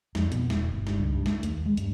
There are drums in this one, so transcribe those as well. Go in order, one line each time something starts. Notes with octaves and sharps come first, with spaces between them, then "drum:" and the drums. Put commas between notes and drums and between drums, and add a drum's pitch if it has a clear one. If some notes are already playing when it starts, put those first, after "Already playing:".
F2, drum: snare
B2, drum: hi-hat
E1, drum: snare
G1
G2, drum: snare
C#2
G2
A3, drum: snare
D#2, drum: hi-hat
G#3
G2, drum: hi-hat